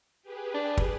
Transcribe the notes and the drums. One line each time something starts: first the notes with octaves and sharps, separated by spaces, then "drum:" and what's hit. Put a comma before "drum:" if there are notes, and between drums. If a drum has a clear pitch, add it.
G4 G#4 B4
D4
drum: kick